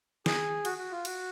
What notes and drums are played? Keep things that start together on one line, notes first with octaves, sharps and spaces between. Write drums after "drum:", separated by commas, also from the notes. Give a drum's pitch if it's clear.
G#4, drum: snare
F#4, drum: cymbal
F#4
F4
F#4, drum: cymbal